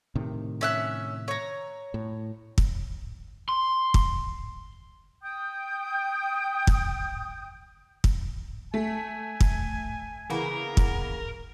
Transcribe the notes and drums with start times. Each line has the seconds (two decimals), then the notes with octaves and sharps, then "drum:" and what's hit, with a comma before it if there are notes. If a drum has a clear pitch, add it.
0.15 A2 C3 D#3
0.61 C#4 E5 F#6
1.28 C#5 A#5
1.94 A2
2.58 drum: kick
3.49 C6
3.94 drum: kick
5.22 G5 D#6 G6
6.67 drum: kick
8.04 drum: kick
8.74 A3 G#5
9.40 drum: kick
10.30 C#3 E3 A#3 B3 A#4
10.77 drum: kick